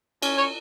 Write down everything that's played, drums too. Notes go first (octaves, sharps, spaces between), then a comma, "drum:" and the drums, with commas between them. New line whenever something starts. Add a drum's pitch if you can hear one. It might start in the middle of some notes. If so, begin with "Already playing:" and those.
C#4, drum: cymbal
C#5